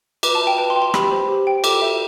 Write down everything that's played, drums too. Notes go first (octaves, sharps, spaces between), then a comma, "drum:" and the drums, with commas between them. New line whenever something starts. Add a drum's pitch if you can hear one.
B4 D6, drum: cymbal
A5
E5
G5
B4 A5
C6
G5
C6
G4 B5, drum: rim click
C5
G4
G5
A4 D6, drum: cymbal
E5